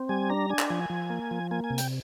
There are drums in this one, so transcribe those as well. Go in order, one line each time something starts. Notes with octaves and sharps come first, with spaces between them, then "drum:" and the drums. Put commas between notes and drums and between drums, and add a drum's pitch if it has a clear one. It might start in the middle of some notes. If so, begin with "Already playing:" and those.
Already playing: C4
G3 G#5
D4 A#5
D4 G#5
drum: clap
F3 G#5
F3
A#3
F3
A#3 G#5
G#5
C3
G5, drum: hi-hat